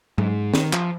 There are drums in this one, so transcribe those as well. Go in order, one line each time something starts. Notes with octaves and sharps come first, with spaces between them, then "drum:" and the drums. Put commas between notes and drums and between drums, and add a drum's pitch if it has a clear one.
G#2, drum: tom F#3
D#3, drum: snare
F3, drum: clap